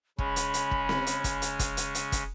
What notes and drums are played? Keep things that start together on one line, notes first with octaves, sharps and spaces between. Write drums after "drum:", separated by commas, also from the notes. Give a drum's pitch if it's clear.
C#3 G#3 C#4 B5, drum: kick
drum: hi-hat
drum: hi-hat
drum: kick
drum: snare C4
drum: hi-hat
drum: kick, hi-hat
drum: hi-hat
drum: kick, hi-hat
drum: hi-hat
drum: hi-hat
drum: kick, hi-hat